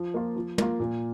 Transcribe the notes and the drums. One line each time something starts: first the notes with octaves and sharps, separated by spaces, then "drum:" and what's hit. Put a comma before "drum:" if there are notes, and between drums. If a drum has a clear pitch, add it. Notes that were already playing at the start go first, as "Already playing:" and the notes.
Already playing: F3
A#3 F4
F3
A#3 F4, drum: tom
A#2